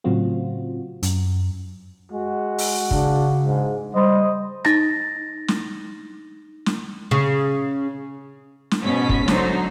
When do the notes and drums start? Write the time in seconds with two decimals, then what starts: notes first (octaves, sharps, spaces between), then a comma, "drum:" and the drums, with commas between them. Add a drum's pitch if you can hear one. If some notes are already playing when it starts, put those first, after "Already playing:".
0.04 A2 C#3 F#3 C4 F4 F#4
1.03 F#2, drum: hi-hat
2.12 G#3 F#4
2.58 drum: open hi-hat
2.91 C#3 D4, drum: kick
3.43 G#2
3.95 G3 C5 D#5
4.65 D#4 A6 A#6, drum: rim click
5.48 drum: snare
6.66 drum: snare
7.11 C#3
8.71 drum: snare
8.83 G#2 B2 C#4 B6
9.09 drum: kick
9.28 D3 F#3 D#4 C5, drum: snare